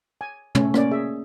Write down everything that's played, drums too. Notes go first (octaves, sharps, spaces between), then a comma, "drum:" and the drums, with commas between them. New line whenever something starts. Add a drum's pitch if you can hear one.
G#5
A3 C#4, drum: tom
A#3 C#4 D5, drum: rim click
G#4 E5